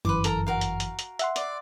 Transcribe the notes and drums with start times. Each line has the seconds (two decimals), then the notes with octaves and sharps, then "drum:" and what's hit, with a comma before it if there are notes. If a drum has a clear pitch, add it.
0.05 G1 F#2 E3 B4 C6 D6
0.24 A4 A#4 A#5, drum: hi-hat
0.47 F#4 A#4 F5
0.61 drum: hi-hat
0.80 drum: hi-hat
0.99 drum: hi-hat
1.19 E5 F#5 C6, drum: hi-hat
1.36 D5, drum: hi-hat